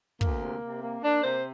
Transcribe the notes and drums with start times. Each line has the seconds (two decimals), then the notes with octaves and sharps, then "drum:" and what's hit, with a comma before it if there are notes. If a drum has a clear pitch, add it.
0.21 D2 A#3, drum: kick
0.42 C3
0.62 C3
0.83 A#3
1.03 A#3 D4
1.24 C3 C5